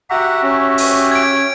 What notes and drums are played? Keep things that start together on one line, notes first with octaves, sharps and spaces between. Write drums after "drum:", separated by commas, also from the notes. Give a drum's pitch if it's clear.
F#4 G4 E5 F#5 A#5
C#4
drum: open hi-hat
G#6 D7